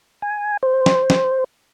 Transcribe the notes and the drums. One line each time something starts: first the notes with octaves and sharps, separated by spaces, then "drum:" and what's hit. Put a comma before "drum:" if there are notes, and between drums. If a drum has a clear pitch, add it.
G#5
C5
drum: snare
drum: snare